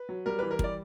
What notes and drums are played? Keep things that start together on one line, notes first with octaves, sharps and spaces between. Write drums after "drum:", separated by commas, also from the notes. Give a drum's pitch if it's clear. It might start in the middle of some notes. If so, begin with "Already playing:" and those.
Already playing: B4
F#3
G3 A#4
E3 B4
A#4
G3 D5, drum: kick